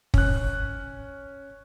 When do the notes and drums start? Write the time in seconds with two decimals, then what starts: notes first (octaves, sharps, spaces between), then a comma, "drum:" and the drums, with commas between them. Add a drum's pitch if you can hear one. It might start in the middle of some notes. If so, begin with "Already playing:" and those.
0.14 C#4 F#6, drum: kick